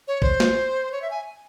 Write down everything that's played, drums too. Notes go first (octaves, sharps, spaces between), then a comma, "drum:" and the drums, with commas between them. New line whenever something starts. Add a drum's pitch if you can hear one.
C#5
C5, drum: kick
drum: snare
C#5
E5
G#5